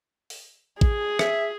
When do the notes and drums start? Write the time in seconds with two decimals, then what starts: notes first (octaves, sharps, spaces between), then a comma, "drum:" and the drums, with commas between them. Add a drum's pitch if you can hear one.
0.30 drum: open hi-hat
0.81 G#4, drum: kick A1
1.19 E5, drum: rim click